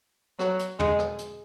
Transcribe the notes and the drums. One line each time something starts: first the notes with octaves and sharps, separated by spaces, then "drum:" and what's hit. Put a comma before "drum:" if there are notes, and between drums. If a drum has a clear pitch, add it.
F#3, drum: rim click
drum: hi-hat
G#3, drum: tom
drum: rim click
drum: hi-hat